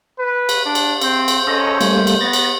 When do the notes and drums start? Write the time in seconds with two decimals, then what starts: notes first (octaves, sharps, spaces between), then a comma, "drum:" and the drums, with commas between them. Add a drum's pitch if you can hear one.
0.19 B4
0.49 drum: cymbal
0.66 D4
0.75 drum: cymbal
1.01 C4 C5, drum: cymbal
1.28 drum: cymbal
1.47 C#4 A4 D#5 A#5
1.81 G3 A3 A#3, drum: cymbal
2.07 drum: cymbal
2.21 B3 A6 A#6
2.33 drum: cymbal